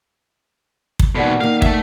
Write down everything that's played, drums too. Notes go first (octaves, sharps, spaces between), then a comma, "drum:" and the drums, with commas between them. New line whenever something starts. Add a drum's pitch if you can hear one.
drum: kick
D#2 B2 A4 D5 F#5
D#3 A#3 F5
A3 E5, drum: kick